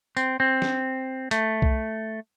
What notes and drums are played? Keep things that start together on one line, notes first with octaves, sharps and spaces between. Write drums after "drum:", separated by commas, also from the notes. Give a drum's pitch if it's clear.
C4, drum: tambourine
C4
drum: snare
A3, drum: hi-hat
drum: kick B1